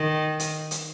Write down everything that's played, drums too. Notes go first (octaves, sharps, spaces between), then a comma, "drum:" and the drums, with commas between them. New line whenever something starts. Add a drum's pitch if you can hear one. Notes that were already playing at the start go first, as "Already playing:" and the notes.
Already playing: D#3
drum: hi-hat
drum: hi-hat